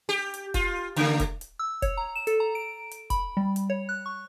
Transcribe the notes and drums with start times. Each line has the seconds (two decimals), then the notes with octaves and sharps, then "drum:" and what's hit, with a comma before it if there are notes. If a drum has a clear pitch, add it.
0.09 G4
0.34 drum: hi-hat
0.54 F4, drum: kick F1, hi-hat
0.96 C#3 A3, drum: hi-hat
1.20 drum: kick F1, hi-hat
1.41 drum: hi-hat
1.59 E6
1.82 C#5, drum: kick F1, hi-hat
1.97 A#5
2.15 E7
2.27 A4, drum: hi-hat
2.40 A#5
2.55 D7
2.91 drum: hi-hat
3.10 B5, drum: kick F1, hi-hat
3.37 G3
3.56 drum: hi-hat
3.70 C#5
3.89 F#6
4.06 C#6